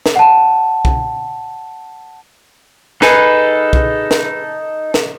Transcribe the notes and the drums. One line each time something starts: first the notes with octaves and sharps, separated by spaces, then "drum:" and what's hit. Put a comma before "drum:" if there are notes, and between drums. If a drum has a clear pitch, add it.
drum: snare
F#5 A5
drum: kick
D#4 G#4 A4 B4, drum: snare
drum: kick
drum: snare
drum: snare